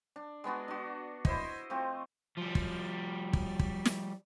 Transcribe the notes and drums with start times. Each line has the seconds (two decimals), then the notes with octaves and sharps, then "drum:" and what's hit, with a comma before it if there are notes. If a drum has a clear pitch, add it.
0.16 D4
0.44 G#3 B3 D4 F#4
0.68 D4 F#4
1.25 E4 C5 D#5, drum: kick
1.70 F3 A3 C4
2.37 F3 G3
2.55 drum: kick
3.33 drum: kick
3.59 drum: kick
3.86 drum: snare